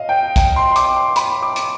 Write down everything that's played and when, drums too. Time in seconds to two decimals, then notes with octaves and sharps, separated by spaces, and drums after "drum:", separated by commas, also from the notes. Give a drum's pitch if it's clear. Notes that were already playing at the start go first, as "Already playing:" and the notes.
Already playing: D#5 F5
0.09 G5
0.36 G5, drum: kick, hi-hat
0.56 C6
0.71 C6
0.76 D6, drum: hi-hat
0.96 C6
1.16 B5, drum: hi-hat
1.42 D6
1.56 drum: hi-hat